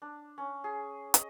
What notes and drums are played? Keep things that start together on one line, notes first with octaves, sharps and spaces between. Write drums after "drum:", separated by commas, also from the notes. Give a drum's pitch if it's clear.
D4
C#4
G#4
D#5, drum: hi-hat